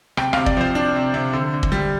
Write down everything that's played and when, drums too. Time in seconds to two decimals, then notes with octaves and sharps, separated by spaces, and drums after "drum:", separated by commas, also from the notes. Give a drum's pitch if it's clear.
0.17 C3 G5, drum: rim click
0.33 C3 F5, drum: rim click
0.46 D5, drum: kick
0.57 F3 C5
0.75 D4
0.96 C3
1.14 C3
1.33 D3
1.54 D3
1.63 drum: kick
1.72 G3